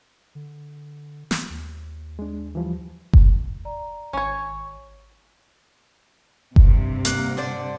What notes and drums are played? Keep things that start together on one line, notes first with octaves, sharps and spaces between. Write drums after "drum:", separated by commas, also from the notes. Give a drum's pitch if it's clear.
D3
drum: snare
D#2
G#3 D4
E3 F3 G3
drum: kick F#1
D5 A#5
G#1 C#4 C#5 C#6
G2 C3, drum: kick F#1
A#3 F#5, drum: hi-hat
D3 C5 D5